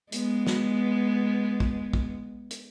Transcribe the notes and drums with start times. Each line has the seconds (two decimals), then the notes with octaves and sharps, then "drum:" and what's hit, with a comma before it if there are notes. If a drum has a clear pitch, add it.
0.12 G#3 B3, drum: hi-hat
0.47 drum: snare
1.60 drum: kick
1.93 drum: kick
2.51 drum: hi-hat